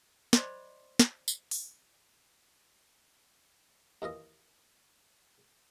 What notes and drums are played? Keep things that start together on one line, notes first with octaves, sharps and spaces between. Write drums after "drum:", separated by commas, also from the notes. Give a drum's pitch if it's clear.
C5 D5 D#5 B5 C6 D6, drum: snare
drum: snare
drum: tambourine
drum: open hi-hat
D#2 E3 F4 D#5